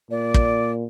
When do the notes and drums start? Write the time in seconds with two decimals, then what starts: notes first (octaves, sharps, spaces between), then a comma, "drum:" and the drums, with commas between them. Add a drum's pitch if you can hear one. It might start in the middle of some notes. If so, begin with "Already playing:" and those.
0.11 A#2 D5
0.34 drum: kick